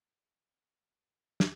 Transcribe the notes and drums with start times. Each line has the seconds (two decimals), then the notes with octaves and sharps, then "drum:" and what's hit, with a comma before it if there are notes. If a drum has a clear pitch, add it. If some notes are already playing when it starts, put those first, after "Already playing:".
0.01 E3 E5
0.24 B4
0.48 A#4
0.71 A#4
0.87 C#5
0.94 B4
1.40 drum: snare